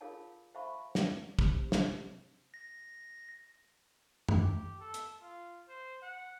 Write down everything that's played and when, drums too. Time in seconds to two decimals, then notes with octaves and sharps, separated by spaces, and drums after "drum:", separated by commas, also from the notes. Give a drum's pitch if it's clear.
0.01 F4 G#4 A#4 C#5 F5 A5
0.54 C5 E5 F5 A5 B5 C#6
0.95 drum: snare
1.08 C4
1.39 C3, drum: kick
1.72 drum: snare
2.54 A#6
4.29 drum: tom F#2
4.38 G4
4.80 A4
4.94 drum: hi-hat
5.22 F4
5.69 C5
6.02 F#5